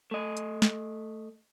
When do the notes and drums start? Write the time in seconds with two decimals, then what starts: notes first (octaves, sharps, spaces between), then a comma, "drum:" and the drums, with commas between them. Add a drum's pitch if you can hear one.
0.11 A3 D#5
0.37 drum: hi-hat
0.62 drum: snare